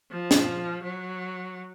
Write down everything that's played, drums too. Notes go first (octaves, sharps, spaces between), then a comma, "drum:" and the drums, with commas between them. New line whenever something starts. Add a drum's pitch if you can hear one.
F3
drum: snare
F#3